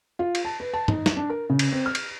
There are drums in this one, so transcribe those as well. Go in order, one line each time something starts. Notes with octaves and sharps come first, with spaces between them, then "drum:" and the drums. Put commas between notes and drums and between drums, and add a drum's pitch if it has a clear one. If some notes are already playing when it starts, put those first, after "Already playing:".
F4
drum: cymbal
A5
B4
A5
D#4, drum: tom G2
drum: snare
D4
A#4
C#3
drum: cymbal
C4
F6
drum: cymbal